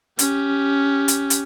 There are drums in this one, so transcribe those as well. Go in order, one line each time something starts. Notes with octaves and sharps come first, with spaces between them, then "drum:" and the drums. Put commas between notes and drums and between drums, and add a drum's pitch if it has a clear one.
C#4 G4, drum: hi-hat
drum: hi-hat
drum: hi-hat